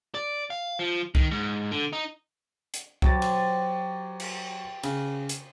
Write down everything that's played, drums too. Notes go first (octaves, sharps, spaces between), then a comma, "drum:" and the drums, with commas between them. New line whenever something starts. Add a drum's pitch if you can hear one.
D5
F5
F3
D#3, drum: kick
G#2
D3
D#4
drum: hi-hat
F#3 G4 C5 A6, drum: kick
drum: cymbal
drum: cymbal
C#3, drum: cymbal
drum: hi-hat